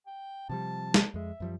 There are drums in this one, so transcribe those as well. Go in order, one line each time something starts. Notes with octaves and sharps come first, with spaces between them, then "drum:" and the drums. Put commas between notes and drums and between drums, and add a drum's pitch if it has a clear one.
G5
C3 F3 G3 A5
drum: snare
F2 G#3 E5
F#2 F3 G3